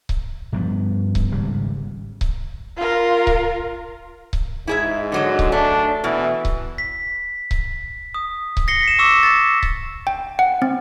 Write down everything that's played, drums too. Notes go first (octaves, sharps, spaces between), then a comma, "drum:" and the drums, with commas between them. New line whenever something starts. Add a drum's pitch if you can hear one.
drum: kick C#1
G2 F3 B3
drum: kick C#1
G#1 C#3 G3
drum: kick C#1
F4 A#4
drum: kick C#1
drum: kick C#1
G#2 E4 G#4 E5
D3 F#3 D#5
drum: kick C#1
A3 D4
B2 E3
drum: kick C#1
B6
drum: kick C#1
D#6
drum: kick C#1
A#6 C7 C#7 G7
B6 E7
C#6 D6 E6 E7
A6
drum: kick C#1
G5
F#5
C4